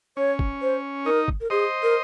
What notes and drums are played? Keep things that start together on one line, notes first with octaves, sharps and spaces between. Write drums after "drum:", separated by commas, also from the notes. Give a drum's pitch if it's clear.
C#4 C#5
drum: kick
C5
D#4 A#4
drum: kick
A#4
G#4 C5 D#5
A#4